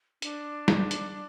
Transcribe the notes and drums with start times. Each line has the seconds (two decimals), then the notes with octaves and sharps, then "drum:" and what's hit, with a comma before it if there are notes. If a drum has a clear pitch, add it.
0.22 D4, drum: hi-hat
0.68 drum: snare
0.91 drum: hi-hat